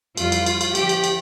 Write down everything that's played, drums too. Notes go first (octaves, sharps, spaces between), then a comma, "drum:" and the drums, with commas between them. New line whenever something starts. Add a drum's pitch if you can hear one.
F2 E3 G3 F4, drum: cymbal
drum: cymbal
drum: cymbal
drum: cymbal
E2 D3 F3 G4, drum: cymbal
drum: cymbal
drum: cymbal